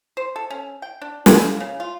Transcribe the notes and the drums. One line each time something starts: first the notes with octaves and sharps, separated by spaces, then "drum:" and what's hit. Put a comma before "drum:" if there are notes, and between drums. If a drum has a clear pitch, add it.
C5
A4
C#4
G5
D4
A#3, drum: snare
A#3
C#3
F4